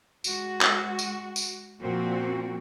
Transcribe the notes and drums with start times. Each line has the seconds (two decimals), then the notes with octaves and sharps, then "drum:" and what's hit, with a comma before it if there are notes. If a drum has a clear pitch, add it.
0.24 G#3 F#4, drum: tambourine
0.61 drum: clap
0.99 drum: tambourine
1.36 drum: tambourine
1.81 A#2 F3 A#3 C4 F#4